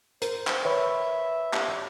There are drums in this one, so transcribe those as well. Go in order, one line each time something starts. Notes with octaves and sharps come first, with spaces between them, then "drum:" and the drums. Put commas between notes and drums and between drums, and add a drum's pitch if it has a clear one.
A#4 C5, drum: hi-hat
drum: clap
B4 C#5 E5 B5
G4, drum: clap